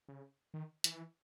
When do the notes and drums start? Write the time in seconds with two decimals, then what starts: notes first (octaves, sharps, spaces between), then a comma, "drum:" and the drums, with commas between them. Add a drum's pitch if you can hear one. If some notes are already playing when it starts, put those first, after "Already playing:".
0.09 C#3
0.54 D#3
0.84 E3, drum: hi-hat